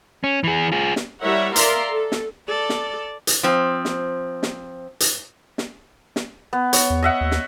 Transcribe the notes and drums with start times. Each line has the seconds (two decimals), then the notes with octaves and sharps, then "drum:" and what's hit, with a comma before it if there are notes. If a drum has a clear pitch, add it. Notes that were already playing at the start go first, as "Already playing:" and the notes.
0.24 C#4
0.44 E3 G#4
0.72 F4 G#4
0.96 drum: snare
1.22 G3 E4 A#4 C#5 E5 F#5
1.56 A#4 D5 E5 F5 A#5 C6, drum: hi-hat
1.91 A4
2.12 drum: snare
2.48 A4 D5
2.69 drum: snare
3.27 drum: hi-hat
3.43 F3 C4
3.85 drum: snare
4.43 drum: snare
5.00 drum: hi-hat
5.58 drum: snare
6.16 drum: snare
6.53 B3
6.73 C#5, drum: hi-hat
6.90 E2
7.03 D#5 E5 F#5
7.21 D#2
7.31 drum: snare